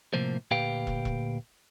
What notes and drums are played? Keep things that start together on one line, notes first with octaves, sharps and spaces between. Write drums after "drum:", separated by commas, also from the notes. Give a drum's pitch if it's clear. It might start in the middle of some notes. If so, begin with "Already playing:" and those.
A2 C3 F3 A#3 C5
D2 A#2 G4 B4 F5 G5
drum: kick
drum: kick